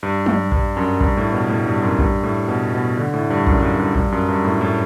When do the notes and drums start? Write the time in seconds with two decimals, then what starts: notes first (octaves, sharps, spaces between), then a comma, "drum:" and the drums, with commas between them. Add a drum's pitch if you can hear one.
0.03 G2
0.26 G2, drum: tom F#3
0.52 G2, drum: kick A#1
0.77 F#2
1.01 G2, drum: kick A#1
1.17 A2
1.33 B2
1.49 A2
1.66 G2
1.82 F#2
1.98 G2, drum: kick A#1
2.23 A2
2.48 B2
2.73 B2
2.97 D3
3.14 A2
3.30 G2
3.47 F#2, drum: kick A#1
3.62 G2
3.79 G2
3.95 G2, drum: kick A#1
4.12 F#2
4.29 G2
4.45 A2
4.61 A2